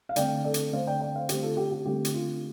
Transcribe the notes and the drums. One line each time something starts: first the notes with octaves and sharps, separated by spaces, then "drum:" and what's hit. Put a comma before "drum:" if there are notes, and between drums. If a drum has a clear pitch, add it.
F5
D3 A3 C4 D5 G5, drum: hi-hat
A4 D5
drum: hi-hat
D3 A3 C4 C5 F5
D5 G5
D5 G5
C5 F5
D3 A3 C4 G4 C5, drum: hi-hat
F4 A4
G4
G4
D3 A3 C4 G4
drum: hi-hat
F4